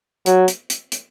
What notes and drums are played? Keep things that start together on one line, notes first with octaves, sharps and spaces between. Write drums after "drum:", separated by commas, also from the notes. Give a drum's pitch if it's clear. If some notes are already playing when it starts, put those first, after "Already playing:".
F#3, drum: hi-hat
drum: hi-hat
drum: hi-hat
drum: hi-hat